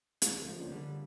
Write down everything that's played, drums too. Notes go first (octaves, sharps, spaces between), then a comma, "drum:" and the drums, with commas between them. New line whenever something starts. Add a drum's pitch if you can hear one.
drum: hi-hat
C#2 F3 A3
C#3 A#3 D4
D3 G3